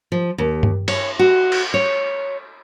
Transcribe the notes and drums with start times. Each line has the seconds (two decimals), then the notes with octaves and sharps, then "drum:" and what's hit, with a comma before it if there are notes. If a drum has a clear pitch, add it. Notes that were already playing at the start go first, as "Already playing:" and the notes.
0.12 F3
0.38 D#2
0.63 drum: tom G2
0.88 C#5, drum: cymbal
1.19 F#4
1.52 drum: cymbal
1.74 C#5